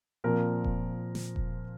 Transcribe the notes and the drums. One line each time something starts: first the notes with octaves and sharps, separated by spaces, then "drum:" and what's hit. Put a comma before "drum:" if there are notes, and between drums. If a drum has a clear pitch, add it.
A#2 F3 C4 A#4
drum: kick E1
drum: snare
drum: kick E1